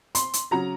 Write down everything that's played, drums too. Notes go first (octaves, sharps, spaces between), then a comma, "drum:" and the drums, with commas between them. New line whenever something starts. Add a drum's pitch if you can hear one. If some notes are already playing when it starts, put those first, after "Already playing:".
C6, drum: hi-hat
drum: hi-hat
C#3 F#3 A#5